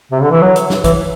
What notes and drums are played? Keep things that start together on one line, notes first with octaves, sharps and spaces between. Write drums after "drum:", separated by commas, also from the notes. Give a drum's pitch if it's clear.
C3
D3
E3
F#3
drum: hi-hat
drum: snare
E3, drum: kick, hi-hat